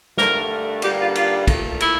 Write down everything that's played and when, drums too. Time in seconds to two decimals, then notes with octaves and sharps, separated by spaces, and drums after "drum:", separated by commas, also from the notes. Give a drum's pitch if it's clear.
0.17 G2 D3 A3 A#4, drum: snare
0.82 G2 D3 G3 A#3 G4, drum: cymbal
0.99 F4
1.15 F4, drum: cymbal
1.47 A#2 A3, drum: kick, cymbal
1.80 E4, drum: cymbal